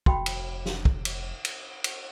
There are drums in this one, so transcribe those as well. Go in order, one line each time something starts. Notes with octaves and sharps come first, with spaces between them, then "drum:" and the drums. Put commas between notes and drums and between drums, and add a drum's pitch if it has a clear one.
F1 F#4 G5 B5, drum: kick
drum: cymbal
drum: snare
drum: kick
drum: cymbal
drum: cymbal
drum: cymbal